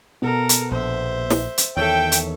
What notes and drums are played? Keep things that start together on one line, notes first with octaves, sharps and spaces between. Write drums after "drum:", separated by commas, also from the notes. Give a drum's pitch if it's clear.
B2 A4 A#4
drum: hi-hat
A#1 C5 E5
drum: snare
drum: hi-hat
E2 D#3 A4 C#5 E5 G5
drum: hi-hat